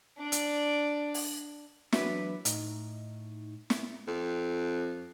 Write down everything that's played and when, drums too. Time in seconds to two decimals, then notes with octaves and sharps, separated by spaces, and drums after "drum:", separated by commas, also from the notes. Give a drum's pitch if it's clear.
0.19 D4 D5
0.32 drum: hi-hat
1.14 drum: open hi-hat
1.92 E3 F#3 D4 E4 B4, drum: snare
2.45 A2 D#4, drum: hi-hat
3.70 drum: snare
4.08 F2